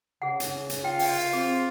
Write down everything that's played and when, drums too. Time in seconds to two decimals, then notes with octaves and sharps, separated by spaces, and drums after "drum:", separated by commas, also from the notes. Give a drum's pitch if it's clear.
0.22 C#3 G#4 F#5
0.40 drum: hi-hat
0.70 drum: hi-hat
0.84 F4 G5
0.99 drum: open hi-hat
1.33 C4 G#4